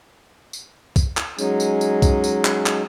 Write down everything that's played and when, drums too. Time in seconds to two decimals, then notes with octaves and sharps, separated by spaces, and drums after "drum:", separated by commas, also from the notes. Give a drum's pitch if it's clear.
0.53 drum: tambourine
0.96 drum: kick B1, tambourine
1.17 drum: clap
1.38 F#3 G#3 C#4 D#4 G#4, drum: tambourine
1.60 drum: tambourine
1.81 drum: tambourine
2.02 drum: kick B1, tambourine
2.24 drum: tambourine
2.45 drum: clap
2.66 drum: clap